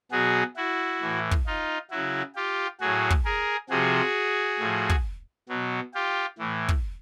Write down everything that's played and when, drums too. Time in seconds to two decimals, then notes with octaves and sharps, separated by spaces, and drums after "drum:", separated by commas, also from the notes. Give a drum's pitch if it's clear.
0.11 B2 F#3 F#4 G#4
0.56 E4 F#4
1.01 A2 E3
1.31 drum: kick
1.47 D#4 F4
1.91 C#3 F#3 E4 F#4
2.35 F4 G4
2.80 A2 F#3 F#4 G#4
3.10 drum: kick
3.25 G#4 A#4
3.70 C3 F3 F#4 G#4
4.60 A2 F3
4.89 drum: kick
5.49 B2 F#3
5.94 F4 G4
6.38 A2 E3
6.69 drum: kick